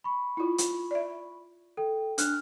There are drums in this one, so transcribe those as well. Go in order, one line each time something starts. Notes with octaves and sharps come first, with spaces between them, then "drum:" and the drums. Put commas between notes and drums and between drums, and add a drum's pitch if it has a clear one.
B5 C#6
E4 F4
drum: hi-hat
D5 E5
A4 G5
D4 F6 F#6, drum: hi-hat